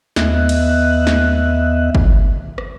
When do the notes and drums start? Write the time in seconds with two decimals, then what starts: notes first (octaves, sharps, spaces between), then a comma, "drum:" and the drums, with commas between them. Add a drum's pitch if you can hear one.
0.16 D#2 B3 D#5 E5 F#6, drum: snare
0.49 drum: cymbal
1.07 drum: snare
1.95 drum: kick G1
2.58 drum: rim click